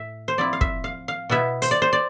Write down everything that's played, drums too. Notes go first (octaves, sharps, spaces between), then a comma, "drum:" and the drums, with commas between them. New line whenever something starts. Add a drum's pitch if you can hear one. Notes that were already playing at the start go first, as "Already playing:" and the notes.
Already playing: A2 E5
C5
F3 C4 E4 D5
F5
E5, drum: kick
F5
F5
B2 B3 E4 E5
C5, drum: hi-hat
D5
C5
D5